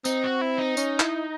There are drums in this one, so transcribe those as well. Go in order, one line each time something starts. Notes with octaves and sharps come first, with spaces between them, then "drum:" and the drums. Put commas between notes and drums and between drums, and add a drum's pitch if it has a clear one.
C4 D#4, drum: tambourine
F#4
E4
D#4
C#4, drum: tambourine
E4, drum: clap